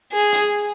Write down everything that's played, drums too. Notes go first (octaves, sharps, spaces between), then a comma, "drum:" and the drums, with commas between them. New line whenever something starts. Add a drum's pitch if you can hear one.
G#4
drum: hi-hat